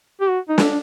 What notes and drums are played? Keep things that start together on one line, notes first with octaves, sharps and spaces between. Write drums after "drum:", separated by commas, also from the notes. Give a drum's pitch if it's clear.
G4
F#4
D#4
D4, drum: snare